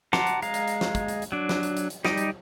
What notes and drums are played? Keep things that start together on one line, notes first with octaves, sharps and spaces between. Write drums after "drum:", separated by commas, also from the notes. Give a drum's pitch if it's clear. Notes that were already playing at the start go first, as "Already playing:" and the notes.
F#5 A5 A#5 C6 D6, drum: snare
drum: hi-hat
G#3 F5 A#5, drum: hi-hat
drum: hi-hat
drum: hi-hat
drum: snare
drum: kick, hi-hat
drum: hi-hat
drum: hi-hat
F#3 D4
drum: snare
drum: hi-hat
drum: hi-hat
drum: hi-hat
G3 D#4 D5 D#5, drum: snare
drum: hi-hat